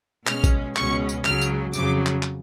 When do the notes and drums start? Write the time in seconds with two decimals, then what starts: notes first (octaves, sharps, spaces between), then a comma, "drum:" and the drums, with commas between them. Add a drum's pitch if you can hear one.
0.27 B2 G#3 C#4 F6, drum: clap
0.44 drum: kick, tambourine
0.76 C#2 B2 G#3 C#4 C#6, drum: clap
1.09 drum: tambourine
1.25 C#2 C#3 F#3 F6, drum: clap
1.41 drum: tambourine
1.73 F2 C#3 F#3 D6, drum: tambourine
2.06 drum: clap
2.23 drum: clap